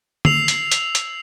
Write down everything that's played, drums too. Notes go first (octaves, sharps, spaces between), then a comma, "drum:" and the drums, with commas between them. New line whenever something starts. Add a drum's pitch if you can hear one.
E6 C7 F7, drum: tom D3
drum: hi-hat
drum: hi-hat
drum: hi-hat